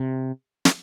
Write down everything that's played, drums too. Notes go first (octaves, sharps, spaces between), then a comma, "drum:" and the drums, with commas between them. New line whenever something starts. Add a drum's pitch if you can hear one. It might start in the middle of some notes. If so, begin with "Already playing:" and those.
Already playing: C3
drum: snare